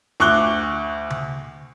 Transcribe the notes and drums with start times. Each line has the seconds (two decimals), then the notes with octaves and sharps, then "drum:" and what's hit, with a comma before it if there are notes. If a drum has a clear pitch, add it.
0.20 D2 C#6 D6 F#6 G7
1.10 drum: tom C#3